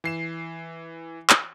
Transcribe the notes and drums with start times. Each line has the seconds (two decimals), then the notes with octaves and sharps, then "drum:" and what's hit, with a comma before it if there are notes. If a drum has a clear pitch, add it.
0.04 E3 C7 E7
1.30 drum: clap